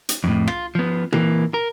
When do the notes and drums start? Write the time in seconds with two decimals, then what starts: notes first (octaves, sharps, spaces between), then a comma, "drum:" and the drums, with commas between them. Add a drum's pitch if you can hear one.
0.09 drum: hi-hat
0.24 F2 A2
0.48 F4, drum: rim click
0.75 F3 B3
1.13 E3 A#3, drum: tom A#2
1.54 A#4